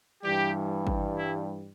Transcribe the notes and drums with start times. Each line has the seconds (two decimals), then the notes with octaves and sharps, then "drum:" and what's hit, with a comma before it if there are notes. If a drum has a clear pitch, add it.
0.23 G2 E3 G3 G4
0.87 drum: kick G#1
1.18 E4